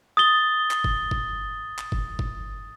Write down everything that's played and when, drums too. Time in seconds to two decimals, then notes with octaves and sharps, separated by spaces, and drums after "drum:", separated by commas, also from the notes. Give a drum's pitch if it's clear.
0.17 D#6 A6 G7
0.71 drum: clap
0.84 drum: kick F#1
1.11 drum: kick F#1
1.79 drum: clap
1.92 drum: kick F#1
2.19 drum: kick F#1